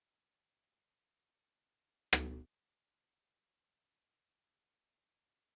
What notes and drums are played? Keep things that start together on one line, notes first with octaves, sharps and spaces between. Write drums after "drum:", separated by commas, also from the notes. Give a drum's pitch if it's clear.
F#5
B5
C4
G4
G5
E4
A4
B3
D6
A#5
D4
drum: rim click
B6
B6
F7
G#6
E7
D7
F7
B6
A#6
D6
A6